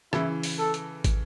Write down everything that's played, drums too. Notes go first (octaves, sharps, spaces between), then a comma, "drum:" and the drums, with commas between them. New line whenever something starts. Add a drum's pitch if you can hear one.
C#3 E3 E4, drum: rim click
drum: open hi-hat
A4
drum: hi-hat
drum: kick, hi-hat